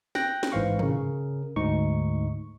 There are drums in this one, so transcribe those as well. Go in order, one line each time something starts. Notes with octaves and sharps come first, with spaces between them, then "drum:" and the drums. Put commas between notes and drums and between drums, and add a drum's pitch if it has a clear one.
G5 F#6 A#6, drum: snare
drum: snare
A1 G#2 E3 C5 F5 C#6
C#3 A#4, drum: tom
D2 G#2 D#4 C#6